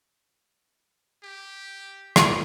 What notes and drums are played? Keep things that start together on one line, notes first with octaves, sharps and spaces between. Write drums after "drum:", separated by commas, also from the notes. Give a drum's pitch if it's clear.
G4
drum: rim click